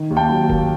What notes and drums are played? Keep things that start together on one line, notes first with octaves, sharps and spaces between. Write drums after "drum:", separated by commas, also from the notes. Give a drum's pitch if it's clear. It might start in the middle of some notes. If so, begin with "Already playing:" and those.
Already playing: D#3
D#2
G5 A5
F#3
A#3, drum: kick